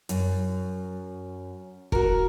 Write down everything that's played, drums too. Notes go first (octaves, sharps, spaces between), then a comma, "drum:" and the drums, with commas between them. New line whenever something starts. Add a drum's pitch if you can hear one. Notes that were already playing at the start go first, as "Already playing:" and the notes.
F#2, drum: hi-hat
F#4 A#4, drum: kick